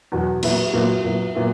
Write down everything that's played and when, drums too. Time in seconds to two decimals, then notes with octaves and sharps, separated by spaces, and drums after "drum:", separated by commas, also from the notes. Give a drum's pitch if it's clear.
0.12 E2 B2 F#3
0.43 A#2 F#3 B3 E4, drum: cymbal
0.73 A#2 F#3 B3 E4
1.04 A#2 F#3 B3 E4
1.35 A#2 F#3 B3 E4